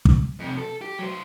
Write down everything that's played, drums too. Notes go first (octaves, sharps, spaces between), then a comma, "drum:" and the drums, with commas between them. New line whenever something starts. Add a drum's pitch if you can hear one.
drum: kick
F2 C3
A4
G4
F#3 C5